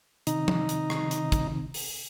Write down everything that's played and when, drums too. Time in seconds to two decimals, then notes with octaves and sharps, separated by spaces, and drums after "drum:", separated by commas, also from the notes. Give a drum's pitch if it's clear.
0.27 C3 D#3 D#4, drum: hi-hat
0.48 drum: tom F3
0.69 drum: hi-hat
0.90 drum: rim click
1.11 drum: hi-hat
1.32 drum: kick, hi-hat
1.74 drum: open hi-hat